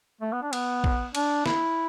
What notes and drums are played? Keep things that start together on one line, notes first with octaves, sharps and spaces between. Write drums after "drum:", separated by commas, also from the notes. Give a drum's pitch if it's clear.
A3
B3
D4
B3, drum: cymbal
drum: kick
D4, drum: cymbal
E4, drum: snare